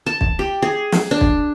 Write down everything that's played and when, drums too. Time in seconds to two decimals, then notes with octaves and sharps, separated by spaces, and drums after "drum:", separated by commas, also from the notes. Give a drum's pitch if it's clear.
0.06 A5
0.21 drum: kick B1
0.39 G4
0.62 G#4
0.92 drum: snare
1.11 D4
1.21 drum: kick B1